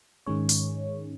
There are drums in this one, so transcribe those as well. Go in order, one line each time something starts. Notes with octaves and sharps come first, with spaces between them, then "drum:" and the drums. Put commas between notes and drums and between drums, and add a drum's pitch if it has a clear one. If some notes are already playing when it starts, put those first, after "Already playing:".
G#2 D#3 G#3 C#4 C#5
drum: open hi-hat